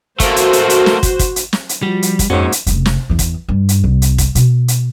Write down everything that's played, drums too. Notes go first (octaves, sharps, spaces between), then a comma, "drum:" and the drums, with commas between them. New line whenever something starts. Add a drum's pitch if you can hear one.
A3 A#3 F#4 C5, drum: kick, hi-hat
drum: hi-hat
drum: hi-hat
drum: hi-hat
drum: snare
drum: kick, hi-hat
drum: kick, hi-hat
drum: hi-hat
drum: snare
drum: hi-hat
F3 G3 F#4
drum: hi-hat
drum: kick, hi-hat
F2 G#2 A#3 C#4 F#4 C5 C#5
drum: hi-hat
F1 C#3, drum: hi-hat
drum: snare
E2 E3
drum: kick, hi-hat
G2
drum: hi-hat
C2
drum: hi-hat
drum: kick, hi-hat
B2, drum: hi-hat
drum: hi-hat